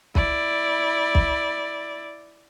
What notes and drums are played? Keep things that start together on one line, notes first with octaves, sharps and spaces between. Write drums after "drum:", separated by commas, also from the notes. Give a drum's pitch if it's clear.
E4 D5, drum: kick
drum: kick